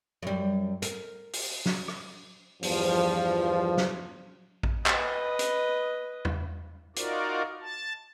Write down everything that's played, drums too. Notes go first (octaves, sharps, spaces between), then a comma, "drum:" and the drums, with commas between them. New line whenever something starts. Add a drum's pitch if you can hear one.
F#2 G3
A#4, drum: hi-hat
drum: open hi-hat
drum: snare
drum: rim click
E2 G2 F3, drum: open hi-hat
drum: snare
drum: kick A#1
B4 D#5, drum: clap
drum: hi-hat
drum: tom E2
D#4 F4 F#4 A#4 D5, drum: hi-hat
A5